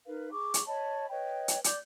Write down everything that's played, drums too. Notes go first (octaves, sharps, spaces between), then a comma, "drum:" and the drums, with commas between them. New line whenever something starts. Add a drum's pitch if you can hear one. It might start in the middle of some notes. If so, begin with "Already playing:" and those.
D#4 A#4 B4 F5
G#4 C#6 D6
drum: hi-hat
C#5 D#5 A5 B5
B4 C#5 D#5 G5
drum: hi-hat
D5 D6 G6, drum: hi-hat